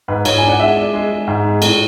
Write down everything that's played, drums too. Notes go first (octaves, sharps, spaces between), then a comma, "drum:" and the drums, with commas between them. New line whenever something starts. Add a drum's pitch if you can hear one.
G#2 B4
G#2 C#5, drum: cymbal
D4 G#5
F#5
G#3 E5
D4
G#3
G#3
G#2
G#3
A2, drum: cymbal